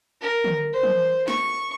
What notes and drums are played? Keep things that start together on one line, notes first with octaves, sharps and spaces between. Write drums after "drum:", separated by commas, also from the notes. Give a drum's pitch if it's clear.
A#4
drum: tom
C5
drum: tom
C#6, drum: snare